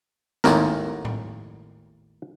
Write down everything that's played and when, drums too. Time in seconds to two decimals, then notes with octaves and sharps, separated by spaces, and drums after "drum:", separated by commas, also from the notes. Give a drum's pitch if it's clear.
0.44 G#1 D#2 A2 A#4, drum: snare
1.05 drum: tom A2